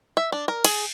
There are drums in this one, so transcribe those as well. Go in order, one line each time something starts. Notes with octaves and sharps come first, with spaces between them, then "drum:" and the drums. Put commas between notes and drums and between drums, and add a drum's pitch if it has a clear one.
E5
D4
A#4
G#4, drum: cymbal